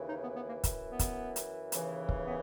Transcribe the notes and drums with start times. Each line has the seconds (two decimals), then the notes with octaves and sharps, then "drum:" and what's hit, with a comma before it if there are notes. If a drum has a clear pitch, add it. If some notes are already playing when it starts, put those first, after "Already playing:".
Already playing: D#2 C#3 E3
0.08 D#4
0.22 B3
0.36 B3
0.49 A#3
0.64 F#2 E3, drum: kick, hi-hat
0.90 B3
0.99 drum: kick, hi-hat
1.36 drum: hi-hat
1.72 D#2 C#3 E3, drum: hi-hat
2.09 drum: kick
2.27 B3